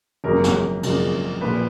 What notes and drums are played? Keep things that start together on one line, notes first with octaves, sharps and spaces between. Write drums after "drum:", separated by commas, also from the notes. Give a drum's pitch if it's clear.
G#1 F#2 C#3 F3 A#3 A#4
drum: snare
G#1 F#2 C#3 F3 A#3, drum: cymbal
A#1 A#2 F3 B4